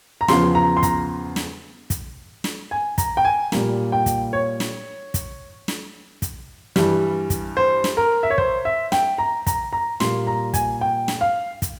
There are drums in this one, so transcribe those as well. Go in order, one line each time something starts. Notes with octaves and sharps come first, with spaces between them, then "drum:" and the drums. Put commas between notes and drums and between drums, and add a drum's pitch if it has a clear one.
A#5
E2 C#3 F3 C6, drum: snare
A#5
C6
A#5, drum: kick, hi-hat
drum: snare
drum: kick, hi-hat
drum: snare
G#5
A#5, drum: kick, hi-hat
G5
G#5
A#2 G3 A#3, drum: snare
G5
drum: kick, hi-hat
C#5
drum: snare
drum: kick, hi-hat
drum: snare
drum: kick, hi-hat
G2 E3 G3, drum: snare
drum: kick, hi-hat
C5
drum: snare
A#4
E5
C#5
C5, drum: kick
E5
G5, drum: snare
A#5
A#5, drum: kick, hi-hat
A#5
A#2 G3 A#3 C6, drum: snare
A#5
G#5, drum: kick, hi-hat
G5
drum: snare
F5
drum: kick, hi-hat